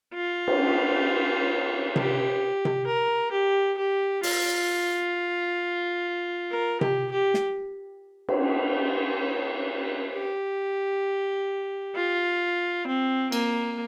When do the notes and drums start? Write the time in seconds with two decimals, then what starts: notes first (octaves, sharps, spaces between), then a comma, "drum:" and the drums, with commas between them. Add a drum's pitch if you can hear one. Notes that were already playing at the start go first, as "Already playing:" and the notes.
0.14 F4
0.48 drum: cymbal
1.96 G4, drum: tom C3
2.65 drum: tom C3
2.86 A#4
3.32 G4
3.78 G4
4.23 F4, drum: open hi-hat
6.51 A#4
6.81 G4, drum: tom C3
7.12 G4
7.34 drum: snare
8.28 drum: cymbal
10.14 G4
11.96 F4
12.87 C4
13.32 A#3, drum: cymbal